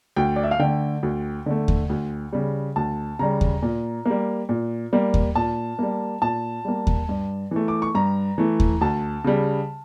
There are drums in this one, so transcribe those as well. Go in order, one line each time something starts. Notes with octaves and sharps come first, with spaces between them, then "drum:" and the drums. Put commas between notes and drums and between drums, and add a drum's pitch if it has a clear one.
D2 G5
D5
E5
F5
D3 A3 G5
D2
D3 A3
drum: kick D#2
D2
C#3 G3
D2 A5
C#3 G3 A#5
drum: kick D#2
A#2
G3 A#3
A#2
G3 A#3
drum: kick D#2
A#2 A5
G3 A#3
A#2 A5
G3 A#3
drum: kick D#2
G2
E3 A3
D6
C#6
G2 A#5
E3 A3
drum: kick D#2
D2 A5
C#3 G3